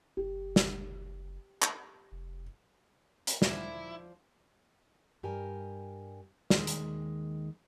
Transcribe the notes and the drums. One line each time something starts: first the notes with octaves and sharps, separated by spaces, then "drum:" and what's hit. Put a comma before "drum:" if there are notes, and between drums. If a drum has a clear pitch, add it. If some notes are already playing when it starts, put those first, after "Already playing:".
F#1 G4
drum: snare
drum: clap
F1
drum: hi-hat
F3 E4 D5, drum: snare
G2 G4 A#4 G#5
D#2 D#3 G#3, drum: snare
drum: hi-hat